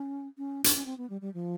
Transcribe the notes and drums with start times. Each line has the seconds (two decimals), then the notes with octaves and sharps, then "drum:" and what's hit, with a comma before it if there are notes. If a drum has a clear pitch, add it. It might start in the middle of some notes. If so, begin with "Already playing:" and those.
Already playing: C#4
0.38 C#4
0.64 D4, drum: hi-hat
0.76 C#4
0.86 C4
0.98 B3
1.10 G3
1.21 G3
1.34 F3